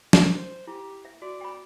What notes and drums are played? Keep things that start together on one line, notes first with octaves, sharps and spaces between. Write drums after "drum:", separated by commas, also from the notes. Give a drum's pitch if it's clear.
D#3, drum: snare
C5
E4 G4
E5
F#4 D5
G5 B5